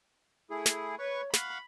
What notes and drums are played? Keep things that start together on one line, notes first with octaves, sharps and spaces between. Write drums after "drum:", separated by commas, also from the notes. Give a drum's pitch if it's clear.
A3 E4 G#4
drum: snare
B4 C#5 C#6
F5 F#5 B5 C#6, drum: snare